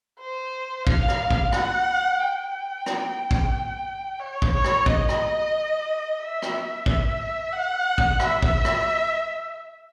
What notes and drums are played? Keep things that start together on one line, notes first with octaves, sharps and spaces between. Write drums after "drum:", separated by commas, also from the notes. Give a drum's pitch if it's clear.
C5
F5, drum: kick
drum: rim click
drum: kick
F#5, drum: rim click
G5
drum: rim click
drum: kick
C#5
drum: kick
C#5
drum: rim click
D#5, drum: kick
drum: rim click
E5
drum: rim click
E5, drum: kick
F#5
drum: kick
E5, drum: rim click
drum: kick
drum: rim click